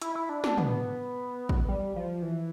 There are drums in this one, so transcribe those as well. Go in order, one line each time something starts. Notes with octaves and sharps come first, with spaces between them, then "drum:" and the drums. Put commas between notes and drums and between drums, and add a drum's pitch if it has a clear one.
E4, drum: hi-hat
E4
D4
D4, drum: snare
B3, drum: tom
drum: kick
G3
F3
E3